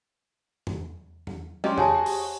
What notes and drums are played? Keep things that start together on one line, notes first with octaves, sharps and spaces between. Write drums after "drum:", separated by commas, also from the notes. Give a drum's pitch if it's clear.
drum: tom E2
drum: tom E2
F#3 C#4 G4 D#5 C6, drum: tom
F#4 G#4 C#5 G#5 A5, drum: tom E2
G4
C#6, drum: open hi-hat